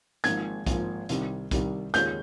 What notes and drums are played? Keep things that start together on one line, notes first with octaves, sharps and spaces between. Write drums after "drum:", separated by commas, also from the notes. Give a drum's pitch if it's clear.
G#1 G#2 F3 A#3 G#6, drum: hi-hat
G#1 G#2 F3 A#3, drum: kick B1, hi-hat
C2 C3 D#3 G3, drum: hi-hat
C2 C3 D#3 G3, drum: kick B1, hi-hat
D#2 D#3 G#3 C#4 F4 G6, drum: hi-hat